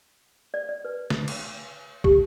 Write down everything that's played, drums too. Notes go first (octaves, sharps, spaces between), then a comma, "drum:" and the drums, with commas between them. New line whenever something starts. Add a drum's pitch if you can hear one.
D5
D5
B4
drum: snare
drum: cymbal
G4, drum: kick